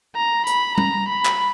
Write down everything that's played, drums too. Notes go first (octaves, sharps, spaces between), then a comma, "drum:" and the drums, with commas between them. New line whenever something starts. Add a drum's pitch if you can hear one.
A#5
B5, drum: hi-hat
A#5, drum: tom G3
B5
drum: clap